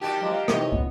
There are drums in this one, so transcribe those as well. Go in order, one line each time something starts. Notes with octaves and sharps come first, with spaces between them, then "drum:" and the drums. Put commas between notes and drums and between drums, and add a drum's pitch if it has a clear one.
D#3 G3 F#4 G4 A5
F3 F#3 G#3
F5 A#5
C3 D#3 E3 C#5 D#5, drum: rim click
C#2 B3